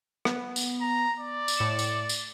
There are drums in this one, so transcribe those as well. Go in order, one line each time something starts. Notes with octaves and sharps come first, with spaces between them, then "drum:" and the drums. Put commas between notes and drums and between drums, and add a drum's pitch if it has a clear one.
B3, drum: rim click
drum: tambourine
A#5
D5
drum: tambourine
A2 C#7 E7
drum: tambourine
drum: tambourine